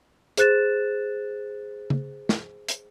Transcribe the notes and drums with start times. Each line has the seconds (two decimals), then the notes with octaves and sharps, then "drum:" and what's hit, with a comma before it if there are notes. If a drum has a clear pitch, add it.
0.37 G#4 C5 F#6 A6 E7, drum: hi-hat
1.90 drum: tom
2.29 drum: snare
2.68 drum: hi-hat